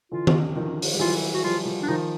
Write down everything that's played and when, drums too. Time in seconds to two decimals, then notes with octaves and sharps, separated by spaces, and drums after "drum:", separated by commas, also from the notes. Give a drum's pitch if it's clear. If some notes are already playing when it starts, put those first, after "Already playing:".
0.11 D3 E3 F4
0.27 drum: tom D#3
0.56 D#3 F3
0.82 drum: open hi-hat
0.93 G3
1.00 E3 F#3 F4
1.34 F#4
1.44 F3 G3 F4
1.66 F3 G3
1.82 D4
1.88 D#3 F3 D#4